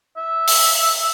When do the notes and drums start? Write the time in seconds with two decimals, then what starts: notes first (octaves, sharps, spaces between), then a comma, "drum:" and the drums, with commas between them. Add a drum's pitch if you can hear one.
0.17 E5
0.48 drum: open hi-hat